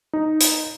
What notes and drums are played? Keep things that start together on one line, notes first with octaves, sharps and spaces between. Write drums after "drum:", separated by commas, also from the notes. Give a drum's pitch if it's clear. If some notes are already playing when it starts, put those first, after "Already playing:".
D#4
drum: hi-hat